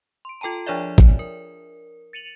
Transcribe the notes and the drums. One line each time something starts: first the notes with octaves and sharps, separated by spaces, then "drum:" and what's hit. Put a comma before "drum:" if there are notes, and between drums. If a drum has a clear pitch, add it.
C6 D7
F4 A4 G5 A5 A#5
F3 D4 G#4 C#5 D5 E5
drum: kick A1
A#4
A6 C#7 D#7 F7 F#7